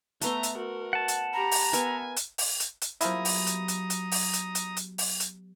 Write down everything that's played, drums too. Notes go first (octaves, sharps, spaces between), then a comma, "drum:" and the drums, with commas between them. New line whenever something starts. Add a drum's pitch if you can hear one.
A3 B3 E5 A#5 C6, drum: hi-hat
drum: hi-hat
F#4 A#4
F#5 A5
drum: hi-hat
G4 A#5 B5
drum: open hi-hat
B3 A#4 E5 G#5, drum: hi-hat
drum: hi-hat
drum: open hi-hat
drum: hi-hat
drum: hi-hat
F3 F#3 A#3 B3 E4 G4 A#5 D#6, drum: hi-hat
drum: open hi-hat
drum: hi-hat
drum: hi-hat
drum: hi-hat
drum: open hi-hat
drum: hi-hat
drum: hi-hat
drum: hi-hat
drum: open hi-hat
drum: hi-hat